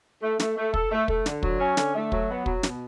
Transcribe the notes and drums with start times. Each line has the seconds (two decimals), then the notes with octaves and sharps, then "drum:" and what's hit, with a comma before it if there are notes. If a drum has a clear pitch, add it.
0.22 A3
0.39 A3, drum: snare
0.57 A3
0.74 A4, drum: kick
0.91 A3
1.08 A3, drum: kick
1.26 D3, drum: snare
1.43 F#3, drum: kick
1.60 C#4
1.77 D3, drum: snare
1.94 A3
2.12 F#3, drum: kick
2.29 B3
2.46 F#3, drum: kick
2.63 B2, drum: snare